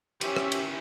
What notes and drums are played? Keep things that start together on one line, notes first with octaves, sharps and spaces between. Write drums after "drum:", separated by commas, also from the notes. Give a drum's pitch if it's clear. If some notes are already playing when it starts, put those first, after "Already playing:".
E3 F3 C#4 G4 E5, drum: cymbal
drum: rim click
drum: cymbal